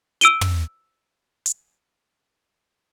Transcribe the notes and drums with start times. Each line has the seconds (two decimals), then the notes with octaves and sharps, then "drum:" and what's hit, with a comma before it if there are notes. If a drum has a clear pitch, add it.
0.21 E6 D7 D#7 G7, drum: hi-hat
0.41 drum: tom
1.46 drum: hi-hat